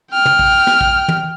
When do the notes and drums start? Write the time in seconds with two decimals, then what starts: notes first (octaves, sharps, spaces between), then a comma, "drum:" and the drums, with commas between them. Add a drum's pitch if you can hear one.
0.12 G5 F6
0.25 drum: tom
0.39 drum: kick
0.67 drum: snare
0.81 drum: kick
1.08 drum: tom